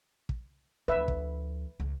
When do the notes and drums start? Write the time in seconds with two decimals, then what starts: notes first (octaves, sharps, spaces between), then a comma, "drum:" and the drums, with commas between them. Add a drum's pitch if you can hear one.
0.29 drum: kick
0.88 D2 F3 B4 E5
1.08 drum: kick
1.80 C#2